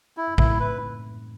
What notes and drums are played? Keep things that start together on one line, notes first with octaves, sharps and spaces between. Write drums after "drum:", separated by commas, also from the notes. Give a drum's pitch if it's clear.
E4
A2 E4, drum: kick
B4